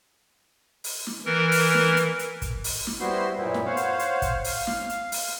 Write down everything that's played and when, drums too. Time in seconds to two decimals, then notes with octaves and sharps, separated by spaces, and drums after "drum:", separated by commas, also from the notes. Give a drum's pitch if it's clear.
0.84 drum: open hi-hat
1.07 drum: snare
1.26 E3 A#4
1.52 drum: open hi-hat
1.74 drum: snare
1.97 drum: hi-hat
2.19 drum: hi-hat
2.42 drum: kick, hi-hat
2.64 drum: open hi-hat
2.87 drum: snare
3.00 G3 B3 E4 F#4 C5 C6
3.37 F#2 A#2 B3 E4
3.54 drum: snare
3.66 C5 C#5 F5 F#5
3.77 drum: hi-hat
3.99 drum: hi-hat
4.22 drum: kick, hi-hat
4.44 F5, drum: open hi-hat
4.67 drum: snare
4.89 drum: hi-hat
5.12 drum: open hi-hat